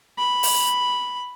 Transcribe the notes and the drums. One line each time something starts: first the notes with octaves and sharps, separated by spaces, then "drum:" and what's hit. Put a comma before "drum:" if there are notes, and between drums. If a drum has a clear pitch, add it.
B5
drum: open hi-hat